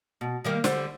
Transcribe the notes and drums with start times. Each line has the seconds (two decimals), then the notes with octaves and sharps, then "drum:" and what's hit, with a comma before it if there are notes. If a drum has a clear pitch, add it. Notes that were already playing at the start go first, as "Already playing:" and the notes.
0.21 B2
0.45 D#3 G3 A#3
0.64 D3 G3 C5, drum: snare